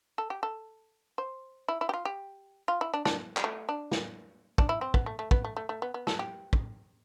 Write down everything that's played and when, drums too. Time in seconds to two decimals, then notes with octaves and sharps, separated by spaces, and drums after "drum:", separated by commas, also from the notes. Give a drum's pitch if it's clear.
0.18 A4
0.30 G4
0.43 A4
1.18 C5
1.68 E4
1.81 E4
1.89 G4
1.94 F4
2.05 G4
2.68 F4
2.81 E4
2.94 D4
3.05 D4, drum: snare
3.37 G3, drum: clap
3.44 A3
3.69 D4
3.91 drum: snare
4.58 D4, drum: kick
4.69 E4
4.81 C4
4.94 B3, drum: kick
5.06 A3
5.19 A3
5.31 B3, drum: kick
5.44 A3
5.57 A3
5.69 A3
5.82 B3
5.94 B3
6.07 A4, drum: snare
6.19 G4
6.53 drum: kick